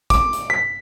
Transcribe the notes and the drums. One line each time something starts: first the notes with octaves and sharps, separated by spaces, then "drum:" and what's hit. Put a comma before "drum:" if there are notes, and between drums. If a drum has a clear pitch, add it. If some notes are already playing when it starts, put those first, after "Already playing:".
D6, drum: kick, hi-hat
drum: hi-hat
B6